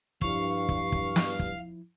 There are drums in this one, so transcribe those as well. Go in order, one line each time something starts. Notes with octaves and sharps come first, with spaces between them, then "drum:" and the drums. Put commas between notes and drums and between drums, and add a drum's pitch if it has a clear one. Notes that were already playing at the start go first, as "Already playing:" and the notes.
G2 F3 E4 F5 C#6, drum: kick
drum: kick
drum: kick
drum: snare
drum: kick